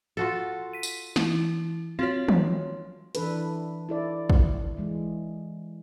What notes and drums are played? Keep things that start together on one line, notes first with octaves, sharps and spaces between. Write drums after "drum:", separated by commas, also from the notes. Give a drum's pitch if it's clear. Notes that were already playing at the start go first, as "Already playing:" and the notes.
F4 F#4 A4
B6 D#7
drum: tambourine
E3 E4, drum: snare
C4 F4 F#4 C#5
drum: tom
E3 D4 A4 B4, drum: hi-hat
E4 A4 D5
drum: kick
E3 G#3